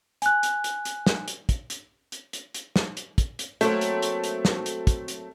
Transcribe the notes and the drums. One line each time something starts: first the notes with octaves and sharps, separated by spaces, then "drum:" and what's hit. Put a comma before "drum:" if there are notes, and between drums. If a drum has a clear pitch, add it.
G#5 F#6, drum: hi-hat
drum: hi-hat
drum: hi-hat
drum: hi-hat
drum: snare
drum: hi-hat
drum: kick, hi-hat
drum: hi-hat
drum: hi-hat
drum: hi-hat
drum: hi-hat
drum: snare
drum: hi-hat
drum: kick, hi-hat
drum: hi-hat
F#3 A3 A#3 C4, drum: hi-hat
drum: hi-hat
drum: hi-hat
drum: hi-hat
drum: snare
drum: hi-hat
drum: kick, hi-hat
drum: hi-hat